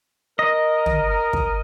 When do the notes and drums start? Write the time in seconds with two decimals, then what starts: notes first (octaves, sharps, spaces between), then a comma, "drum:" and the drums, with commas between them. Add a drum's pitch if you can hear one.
0.39 A#4 D#5
0.86 drum: tom
1.10 A#4
1.33 drum: kick